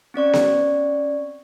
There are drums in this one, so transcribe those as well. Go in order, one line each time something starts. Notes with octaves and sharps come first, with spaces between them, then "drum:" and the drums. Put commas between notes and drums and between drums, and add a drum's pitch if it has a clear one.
C4 C#4 D5 C#6
drum: snare B3